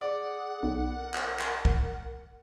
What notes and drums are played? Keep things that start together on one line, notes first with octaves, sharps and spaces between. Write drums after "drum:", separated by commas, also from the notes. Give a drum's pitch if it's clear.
G#4 D5 F#5
B1 B3
A#4
drum: clap
drum: clap
drum: kick